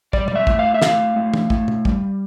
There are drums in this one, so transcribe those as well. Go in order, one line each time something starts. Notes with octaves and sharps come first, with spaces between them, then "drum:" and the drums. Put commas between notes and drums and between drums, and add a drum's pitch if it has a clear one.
G3 D5, drum: kick
D5, drum: tom
E5
A2, drum: kick
F5
E5
A2 F5, drum: snare
A2
drum: tom
A2, drum: kick
drum: tom
G3, drum: kick